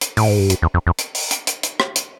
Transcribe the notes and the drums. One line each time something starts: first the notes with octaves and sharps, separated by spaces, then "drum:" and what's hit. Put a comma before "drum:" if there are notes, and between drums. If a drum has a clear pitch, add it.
drum: hi-hat
A2, drum: open hi-hat
G#2
G2
F#2, drum: hi-hat
E2
F2
F2
drum: hi-hat
drum: open hi-hat
drum: hi-hat
drum: hi-hat
drum: hi-hat
drum: rim click
drum: hi-hat